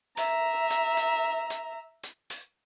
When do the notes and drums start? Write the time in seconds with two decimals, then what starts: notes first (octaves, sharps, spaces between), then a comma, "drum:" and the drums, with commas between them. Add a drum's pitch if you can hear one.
0.17 E5 A#5, drum: open hi-hat
0.70 drum: hi-hat
0.97 drum: hi-hat
1.50 drum: hi-hat
2.03 drum: hi-hat
2.30 drum: open hi-hat